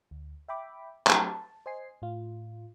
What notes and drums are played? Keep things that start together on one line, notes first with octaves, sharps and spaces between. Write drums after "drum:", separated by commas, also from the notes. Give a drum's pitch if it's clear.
D2
E5 G5 B5 D6
F#3 A3 C4 D4 G4, drum: clap
A5
C5 D#5 G#5 C7
A2 F4